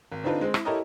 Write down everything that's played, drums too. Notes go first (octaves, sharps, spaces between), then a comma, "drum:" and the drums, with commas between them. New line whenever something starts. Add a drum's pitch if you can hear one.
G#1
D3 C4 D4 D#4 F4 B4
G#3 C4
E4, drum: rim click
E4 G4 A4 A#4 C#5 D#5